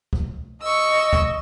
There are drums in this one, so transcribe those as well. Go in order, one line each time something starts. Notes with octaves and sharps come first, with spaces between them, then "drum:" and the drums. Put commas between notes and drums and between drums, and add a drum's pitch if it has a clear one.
drum: kick C2
D#5 C#6 E6
drum: kick C2